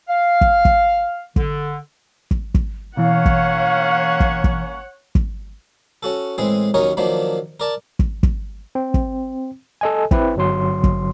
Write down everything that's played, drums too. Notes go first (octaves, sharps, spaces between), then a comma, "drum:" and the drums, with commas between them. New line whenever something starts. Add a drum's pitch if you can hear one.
F5
drum: kick
drum: kick
D3, drum: kick
drum: kick
drum: kick
B2 E3 A#3 C#4 C#5 F5 F#5
drum: kick
drum: kick
drum: kick
drum: kick
C#4 F#4 A4
A2 E3 G#3 C4 G#4
D#2 F#3 C#4 D#4 A#4 C#5
D#3 F3 F#3 A#3 D4
A#4 D5 A5
drum: kick
drum: kick
C4
drum: kick
A4 D#5 G#5
C4 E4 B4, drum: kick
G1 F#3 C6
drum: kick